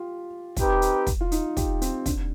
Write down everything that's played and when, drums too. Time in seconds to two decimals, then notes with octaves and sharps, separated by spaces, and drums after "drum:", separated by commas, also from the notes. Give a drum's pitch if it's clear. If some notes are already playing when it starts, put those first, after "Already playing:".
Already playing: F4 G4
0.57 C4 D#4 G4 B4, drum: kick, hi-hat
0.82 drum: hi-hat
1.07 drum: kick, hi-hat
1.21 F4
1.32 D#4, drum: hi-hat
1.57 G4, drum: kick, hi-hat
1.82 C4, drum: hi-hat
2.06 D3, drum: kick, hi-hat